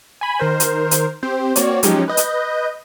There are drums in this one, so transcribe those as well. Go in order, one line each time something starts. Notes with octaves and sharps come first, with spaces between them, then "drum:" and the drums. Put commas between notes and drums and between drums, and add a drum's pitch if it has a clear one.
G#5 B5
D#3 A#4 C5
drum: hi-hat
drum: hi-hat
C4 G4 C5
A#3 C4 F#4 C#5 D5, drum: hi-hat
F3 F#3 G#3 C#4 D#4 G4, drum: hi-hat
B4 D#5 G6
drum: hi-hat